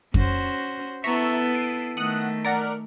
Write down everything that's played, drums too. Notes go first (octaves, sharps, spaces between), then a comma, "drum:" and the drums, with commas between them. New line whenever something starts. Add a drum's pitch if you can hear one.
C#4 F#4 C5, drum: kick F2
B3 E4 A4 E5 A#5 C#6
C7 D7 D#7
D#3 A3 F#5 D#6 F#6
A#4 D5 F#5